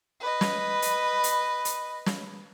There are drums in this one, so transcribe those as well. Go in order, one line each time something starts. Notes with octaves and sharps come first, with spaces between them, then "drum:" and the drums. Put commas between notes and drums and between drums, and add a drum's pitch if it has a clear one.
B4 D#5
drum: snare
drum: hi-hat
drum: hi-hat
drum: hi-hat
drum: snare